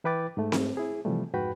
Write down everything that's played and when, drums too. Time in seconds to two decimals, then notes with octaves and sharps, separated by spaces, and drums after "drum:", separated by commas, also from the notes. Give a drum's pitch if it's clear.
0.04 E3 E4 B4 G5 D6 A6
0.37 G#2 A3
0.52 drum: snare C4
0.77 E4 G#4
1.05 C3 E3 F3 G3 A3
1.34 F2 G#2 F#4 B4 G5 B5